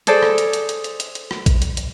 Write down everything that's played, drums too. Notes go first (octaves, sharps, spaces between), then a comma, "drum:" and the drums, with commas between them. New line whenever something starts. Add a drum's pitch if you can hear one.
G#4 A4 C5 D5, drum: hi-hat
drum: rim click
drum: hi-hat
drum: hi-hat
drum: hi-hat
drum: hi-hat
drum: hi-hat
drum: hi-hat
drum: rim click
drum: kick, hi-hat
drum: hi-hat
drum: hi-hat